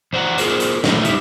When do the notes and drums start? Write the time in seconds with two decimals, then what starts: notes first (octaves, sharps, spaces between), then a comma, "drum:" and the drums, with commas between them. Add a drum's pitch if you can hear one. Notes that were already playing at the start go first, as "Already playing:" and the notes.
0.13 E2 C5 D5 F#5 A#5
0.38 F4 G#4 A#4 C5, drum: hi-hat
0.60 drum: hi-hat
0.84 E2 A#2 D#3 A3 D#4, drum: snare
1.05 G3 D#4 E4, drum: hi-hat